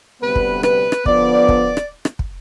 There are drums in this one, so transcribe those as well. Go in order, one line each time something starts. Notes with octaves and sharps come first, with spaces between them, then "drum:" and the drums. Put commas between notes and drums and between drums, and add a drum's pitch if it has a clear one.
D2 C3 G3 B3 B4
drum: kick
B4, drum: rim click
drum: rim click
D3 F3 B3 D5, drum: kick
drum: kick
drum: rim click
drum: rim click
drum: kick